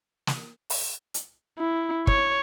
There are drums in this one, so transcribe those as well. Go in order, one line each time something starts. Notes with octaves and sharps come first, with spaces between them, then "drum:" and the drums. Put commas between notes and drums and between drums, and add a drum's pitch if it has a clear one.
drum: snare
drum: open hi-hat
drum: hi-hat
E4
C#5, drum: kick